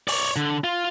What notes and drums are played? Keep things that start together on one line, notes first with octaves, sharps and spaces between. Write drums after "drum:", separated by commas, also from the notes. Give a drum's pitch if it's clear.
C#5 D5, drum: open hi-hat
D3
F4